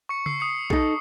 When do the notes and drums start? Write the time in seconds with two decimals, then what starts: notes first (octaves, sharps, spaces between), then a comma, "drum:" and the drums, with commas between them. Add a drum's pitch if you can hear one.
0.09 C#6 C#7
0.26 E6 C7, drum: tom C#3
0.40 D#6 C7 C#7
0.70 D#4 A4, drum: kick A#1